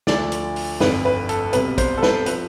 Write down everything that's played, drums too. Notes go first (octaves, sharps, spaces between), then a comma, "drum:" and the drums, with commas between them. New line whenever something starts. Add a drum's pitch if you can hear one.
D2 D3 F3 D5, drum: snare
drum: hi-hat
drum: open hi-hat
G1 F2 D3 B4, drum: snare
B4
A4, drum: hi-hat
C2 B2 G3 B4, drum: hi-hat
C5, drum: kick, hi-hat
A4
B4, drum: snare
F3 B4, drum: hi-hat